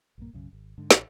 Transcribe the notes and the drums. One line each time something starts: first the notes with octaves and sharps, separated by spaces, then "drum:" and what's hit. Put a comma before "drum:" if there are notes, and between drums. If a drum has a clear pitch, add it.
A#1 G2 A#3
B1 F#2 C#3
G#1
G#2 D3
A1, drum: snare